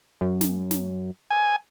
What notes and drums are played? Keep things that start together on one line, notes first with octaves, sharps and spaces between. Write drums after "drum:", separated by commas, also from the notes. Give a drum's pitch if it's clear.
F#2
drum: snare
drum: snare
G#5